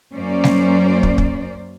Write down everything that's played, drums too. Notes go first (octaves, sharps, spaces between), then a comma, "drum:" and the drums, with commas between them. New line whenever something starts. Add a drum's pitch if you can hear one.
F#2 F#3 A#3 C#4 C5 D5
drum: snare G3
drum: kick
drum: kick